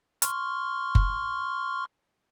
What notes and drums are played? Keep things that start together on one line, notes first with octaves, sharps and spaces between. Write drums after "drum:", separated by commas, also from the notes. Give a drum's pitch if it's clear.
C6 C#6 F6, drum: hi-hat
drum: kick F#1